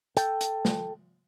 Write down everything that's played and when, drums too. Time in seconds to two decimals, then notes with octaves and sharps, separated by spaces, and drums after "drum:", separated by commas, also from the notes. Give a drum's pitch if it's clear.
0.17 A4 G5, drum: hi-hat
0.41 drum: hi-hat
0.65 drum: snare